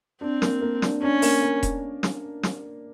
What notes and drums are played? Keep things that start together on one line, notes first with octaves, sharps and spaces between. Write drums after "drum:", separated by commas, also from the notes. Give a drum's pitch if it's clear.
C4 D4
A#3, drum: snare
A#3
D4, drum: snare
C#4 D4
A#3, drum: open hi-hat
A#3
drum: kick E1, hi-hat
drum: snare
drum: snare